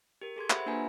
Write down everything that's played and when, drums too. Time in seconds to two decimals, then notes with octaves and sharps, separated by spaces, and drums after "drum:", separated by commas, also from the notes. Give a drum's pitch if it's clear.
0.21 G4 A#4
0.36 G#4 A4 C6 G#6
0.50 G4 C5 E5 F#5 B5, drum: clap
0.66 A#3 D4 F4 B4 G#5 A#5